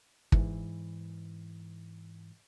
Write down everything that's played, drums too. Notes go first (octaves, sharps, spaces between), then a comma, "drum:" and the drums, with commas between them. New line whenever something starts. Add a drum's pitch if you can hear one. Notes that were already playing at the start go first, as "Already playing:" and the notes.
G#2 E3, drum: kick